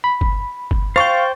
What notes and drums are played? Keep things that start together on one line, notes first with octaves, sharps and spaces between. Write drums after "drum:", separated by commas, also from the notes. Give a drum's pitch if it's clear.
B5
drum: kick G1
drum: kick G1
C5 F5 G5 C#6 A6